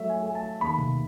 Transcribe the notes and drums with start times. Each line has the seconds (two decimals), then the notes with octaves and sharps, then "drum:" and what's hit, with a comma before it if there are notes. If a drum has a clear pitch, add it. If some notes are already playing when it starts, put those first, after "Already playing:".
Already playing: F#3 A3 E5
0.10 G#5
0.22 A3 G#5
0.35 A5
0.61 D#2 B5
0.78 drum: tom B2